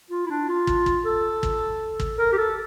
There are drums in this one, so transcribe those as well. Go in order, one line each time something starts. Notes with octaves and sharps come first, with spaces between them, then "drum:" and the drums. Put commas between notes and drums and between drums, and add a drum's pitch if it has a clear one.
F4
E4
D4
F4
drum: kick
drum: kick
A4
drum: kick
drum: kick
A#4
G4
A4